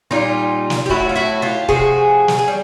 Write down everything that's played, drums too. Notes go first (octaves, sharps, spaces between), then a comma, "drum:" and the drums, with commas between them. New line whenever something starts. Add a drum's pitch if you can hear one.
A#2 G3 D#4 F4
drum: snare
G4
A2 F#3 A3 E4 F#4, drum: kick
F4
E4 F#4
F4 G4
C3 F3 A3 F#4 G#4, drum: kick
drum: snare
G#4
G3